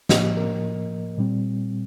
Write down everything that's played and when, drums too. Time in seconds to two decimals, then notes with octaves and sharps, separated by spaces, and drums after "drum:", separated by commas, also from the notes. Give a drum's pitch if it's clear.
0.09 A2 F3 A#3 D#5, drum: snare
0.37 A#4
1.18 A#2 G3 C4